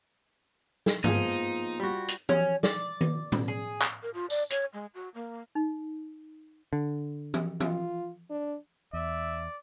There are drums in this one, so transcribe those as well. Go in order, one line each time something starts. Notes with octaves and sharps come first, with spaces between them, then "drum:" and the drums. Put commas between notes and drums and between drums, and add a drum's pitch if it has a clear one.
drum: snare
F3 A#3 B3 D#4 F4 G#4, drum: tom G2
G3 F#4
drum: hi-hat
C#4, drum: tom E3
D5, drum: snare
drum: tom D#3
drum: tom
G#4
drum: clap
A#4
F4
D5, drum: tambourine
C#5, drum: hi-hat
G#3
F#4
A#3
D#4
D3
drum: tom E3
F4, drum: tom E3
D4
E2 D5 E5